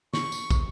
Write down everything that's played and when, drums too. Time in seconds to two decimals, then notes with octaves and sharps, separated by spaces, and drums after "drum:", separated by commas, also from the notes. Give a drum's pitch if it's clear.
0.14 C#6, drum: snare
0.32 drum: tambourine
0.50 drum: kick, tambourine